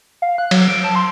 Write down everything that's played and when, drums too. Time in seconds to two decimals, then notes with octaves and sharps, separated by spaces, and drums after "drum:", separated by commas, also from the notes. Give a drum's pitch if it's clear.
0.22 F5
0.38 F#6
0.51 F#3, drum: cymbal
0.68 D7
0.84 A5
0.96 C6